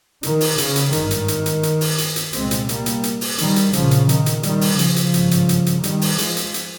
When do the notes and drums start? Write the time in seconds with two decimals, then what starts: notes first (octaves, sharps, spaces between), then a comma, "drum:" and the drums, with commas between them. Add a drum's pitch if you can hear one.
0.23 D#3, drum: hi-hat
0.41 drum: open hi-hat
0.58 C#3, drum: hi-hat
0.76 drum: hi-hat
0.93 G#1 G2 D#3, drum: hi-hat
1.11 drum: hi-hat
1.28 drum: hi-hat
1.46 drum: hi-hat
1.63 drum: hi-hat
1.81 drum: open hi-hat
1.98 drum: hi-hat
2.16 drum: hi-hat
2.33 C2 A#2 G#3 C4, drum: hi-hat
2.51 drum: hi-hat
2.69 G3 A#3, drum: hi-hat
2.86 drum: hi-hat
3.03 drum: hi-hat
3.21 drum: open hi-hat
3.38 D#3 G3, drum: hi-hat
3.56 drum: hi-hat
3.73 A#1 A#2 C#3 F3, drum: hi-hat
3.91 drum: hi-hat
4.09 D#3, drum: hi-hat
4.26 drum: hi-hat
4.43 D#3 G3, drum: hi-hat
4.61 drum: open hi-hat
4.79 C#3 F3, drum: hi-hat
4.96 drum: hi-hat
5.14 G#1 G2, drum: hi-hat
5.31 drum: hi-hat
5.49 drum: hi-hat
5.66 drum: hi-hat
5.84 D#3 G3, drum: hi-hat
6.01 drum: open hi-hat
6.18 F3 G#3, drum: hi-hat
6.37 drum: hi-hat
6.54 drum: hi-hat